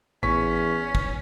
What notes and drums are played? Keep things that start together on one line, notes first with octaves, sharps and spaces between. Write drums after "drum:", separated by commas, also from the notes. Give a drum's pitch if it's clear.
A1 E2 C#4 C#6 B6
drum: kick